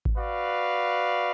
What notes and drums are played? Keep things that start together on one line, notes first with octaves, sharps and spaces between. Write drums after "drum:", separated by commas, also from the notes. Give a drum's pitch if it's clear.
drum: kick G#1
F#4 B4 D5 F5